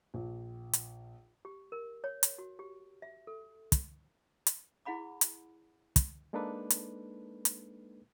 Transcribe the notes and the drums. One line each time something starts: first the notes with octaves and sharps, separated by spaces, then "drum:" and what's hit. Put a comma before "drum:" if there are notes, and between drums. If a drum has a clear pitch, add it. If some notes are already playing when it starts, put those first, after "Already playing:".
A#1
drum: hi-hat
G4
A#4
C#5
drum: hi-hat
F#4
G4
E5
A4
drum: kick, hi-hat
drum: hi-hat
E4 G#4 F#5 B5 D6
drum: hi-hat
drum: kick, hi-hat
G#3 A#3 D4 D#4 A4 B4
drum: hi-hat
drum: hi-hat